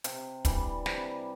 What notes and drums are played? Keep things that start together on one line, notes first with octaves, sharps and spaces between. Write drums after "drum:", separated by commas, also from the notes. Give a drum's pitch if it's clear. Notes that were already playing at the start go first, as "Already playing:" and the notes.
C3, drum: hi-hat
E3 G3 D4, drum: kick, hi-hat
C3, drum: snare